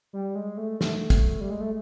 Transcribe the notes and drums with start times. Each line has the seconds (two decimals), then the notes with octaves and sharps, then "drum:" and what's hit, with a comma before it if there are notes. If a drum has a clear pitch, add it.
0.13 G3
0.35 G#3
0.57 A3
0.81 A3, drum: snare
1.10 drum: kick, hi-hat
1.41 G3
1.50 G#3
1.61 A3